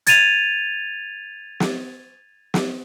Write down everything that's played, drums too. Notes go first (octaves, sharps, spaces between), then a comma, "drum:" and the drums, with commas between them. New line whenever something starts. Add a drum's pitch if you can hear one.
G#6 A6 D#7 F7, drum: hi-hat
drum: snare
drum: snare